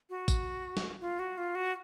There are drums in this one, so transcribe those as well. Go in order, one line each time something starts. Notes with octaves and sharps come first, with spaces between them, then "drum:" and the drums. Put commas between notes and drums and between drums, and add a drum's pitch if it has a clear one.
F#4
drum: kick A1, tambourine
drum: snare
F4
F#4
F4
F#4